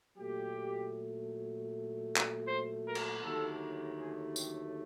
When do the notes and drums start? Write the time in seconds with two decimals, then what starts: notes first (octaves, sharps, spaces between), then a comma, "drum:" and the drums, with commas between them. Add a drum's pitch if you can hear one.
0.18 A#2 F#3 A3 G4
2.16 drum: clap
2.46 C5
2.85 A#4
2.95 drum: cymbal
3.22 D#2 D3 F#3 A3 A4
3.99 G#4
4.36 G4, drum: tambourine